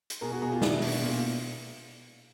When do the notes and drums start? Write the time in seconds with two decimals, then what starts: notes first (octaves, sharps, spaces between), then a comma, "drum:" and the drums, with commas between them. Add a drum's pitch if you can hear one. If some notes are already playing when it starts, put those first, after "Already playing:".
0.10 drum: hi-hat
0.21 B2 G#4 A#4
0.32 F#4 G#4
0.42 B2 F#4 G#4
0.52 F4 G4
0.62 B2 D4 E4, drum: snare
0.82 B2, drum: open hi-hat
1.02 A#2